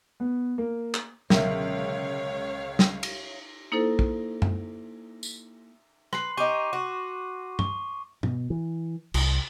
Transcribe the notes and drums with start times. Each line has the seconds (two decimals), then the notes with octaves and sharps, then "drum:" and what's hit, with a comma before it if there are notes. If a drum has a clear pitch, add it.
0.20 B3
0.58 A#3
0.94 drum: clap
1.30 C#2 B2 D3 F#3 A#4 C#5 E5 F5, drum: snare
2.79 drum: snare
3.03 drum: cymbal
3.72 A#3 D#4 E4 A4 C5
3.99 drum: kick
4.42 drum: tom F#2
5.23 drum: tambourine
6.13 B4 C6 C7, drum: rim click
6.37 D#4 G4 C#6 D6 D#7
6.73 F#4
7.59 C#6, drum: tom G2
8.23 B2, drum: tom G2
8.50 E3
9.14 C2, drum: cymbal